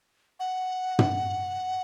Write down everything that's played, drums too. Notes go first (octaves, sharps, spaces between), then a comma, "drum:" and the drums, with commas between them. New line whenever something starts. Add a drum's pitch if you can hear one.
F#5
drum: tom